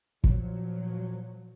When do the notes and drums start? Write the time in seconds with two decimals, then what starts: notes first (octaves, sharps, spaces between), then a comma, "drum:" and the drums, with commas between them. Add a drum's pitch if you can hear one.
0.24 A#2 F3 F#3, drum: kick